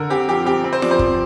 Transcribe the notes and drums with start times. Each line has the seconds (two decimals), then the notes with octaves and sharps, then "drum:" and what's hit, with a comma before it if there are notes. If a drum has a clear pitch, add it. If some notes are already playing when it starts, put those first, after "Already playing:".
Already playing: D3 A#4
0.10 C4 G4
0.28 F3 G4
0.45 C4 G4
0.64 C4
0.73 C5
0.82 F3 D5, drum: snare
0.91 C5
0.99 F3, drum: kick